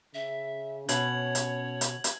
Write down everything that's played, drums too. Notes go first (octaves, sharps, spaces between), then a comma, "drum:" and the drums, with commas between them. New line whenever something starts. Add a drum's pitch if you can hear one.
C#3 E5
B2 C#4 C#5 G#6 F#7, drum: hi-hat
drum: hi-hat
drum: hi-hat
drum: hi-hat